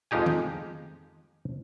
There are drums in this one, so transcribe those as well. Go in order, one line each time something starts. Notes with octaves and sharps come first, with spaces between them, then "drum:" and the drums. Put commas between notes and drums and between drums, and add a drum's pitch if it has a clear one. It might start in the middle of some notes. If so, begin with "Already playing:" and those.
F2 F3 G#3 D#4 G4 G#5
drum: tom D#3